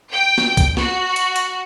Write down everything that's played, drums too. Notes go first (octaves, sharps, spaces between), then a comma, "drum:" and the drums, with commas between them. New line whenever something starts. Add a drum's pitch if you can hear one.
G5
drum: snare
drum: kick, hi-hat
F#4, drum: snare
drum: hi-hat
drum: hi-hat